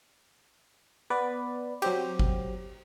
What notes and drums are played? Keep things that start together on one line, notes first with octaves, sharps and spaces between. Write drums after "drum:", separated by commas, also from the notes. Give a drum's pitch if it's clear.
B3 B4 D5
F#3 C4 G4, drum: cymbal
drum: kick G1